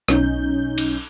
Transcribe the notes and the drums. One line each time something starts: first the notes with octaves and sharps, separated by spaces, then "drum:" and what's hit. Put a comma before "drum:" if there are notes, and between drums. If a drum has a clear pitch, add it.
B1 C#4 D#4 G6, drum: rim click
drum: cymbal